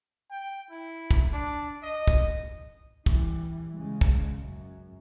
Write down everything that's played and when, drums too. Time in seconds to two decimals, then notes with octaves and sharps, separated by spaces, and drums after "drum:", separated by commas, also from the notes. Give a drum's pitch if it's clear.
0.31 G5
0.70 E4
1.11 drum: kick
1.33 D4
1.83 D#5
2.08 drum: kick
3.06 E3 G3, drum: kick
3.77 C#3 G#3
4.01 drum: kick
4.40 F#2